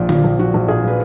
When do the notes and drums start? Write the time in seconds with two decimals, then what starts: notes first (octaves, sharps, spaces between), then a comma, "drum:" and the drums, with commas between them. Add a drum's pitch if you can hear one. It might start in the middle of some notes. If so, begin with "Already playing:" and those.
Already playing: A#1 A#2
0.09 F3, drum: tom D3
0.24 A#1
0.39 F3 F#4
0.54 A#1
0.68 A#2 G#4
0.84 F3 B4